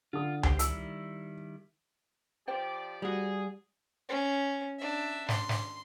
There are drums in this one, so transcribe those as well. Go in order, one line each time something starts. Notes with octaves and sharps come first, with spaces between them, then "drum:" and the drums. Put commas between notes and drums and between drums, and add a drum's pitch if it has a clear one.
D3 F4 D#6
G4 C5, drum: tom C#2
D#3 G3 E4 E6, drum: hi-hat
F3 G4 C5 D5 G5
G3 F#4 G#4
C#4
D4 E5
C6, drum: snare
drum: snare